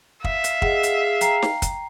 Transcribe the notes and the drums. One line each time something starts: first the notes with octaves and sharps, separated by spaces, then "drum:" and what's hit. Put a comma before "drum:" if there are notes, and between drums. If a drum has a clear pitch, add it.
E5 F5, drum: kick
drum: hi-hat
G#4 D#5 F#5, drum: kick
drum: hi-hat
G5 A#5 C7, drum: hi-hat
drum: snare
drum: kick, hi-hat